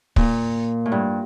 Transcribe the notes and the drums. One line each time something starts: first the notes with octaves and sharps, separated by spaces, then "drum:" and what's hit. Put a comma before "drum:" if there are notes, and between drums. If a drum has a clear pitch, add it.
A#2, drum: kick
A2
G2